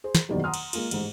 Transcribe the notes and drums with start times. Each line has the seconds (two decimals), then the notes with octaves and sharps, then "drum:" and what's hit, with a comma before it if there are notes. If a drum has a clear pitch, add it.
0.04 G#4 C5
0.15 drum: snare
0.29 F#1 E2 B2 D#3 G3 D5
0.44 F#5 A#5 C6 D#6 F6
0.54 drum: cymbal
0.73 G#3 A#3 F4, drum: cymbal
0.91 A1 G#2, drum: cymbal